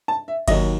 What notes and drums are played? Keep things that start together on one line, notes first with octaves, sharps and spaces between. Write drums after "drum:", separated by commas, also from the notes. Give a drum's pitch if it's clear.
A5
E5
D#2 D#3 F#3 D#5, drum: kick G1, cymbal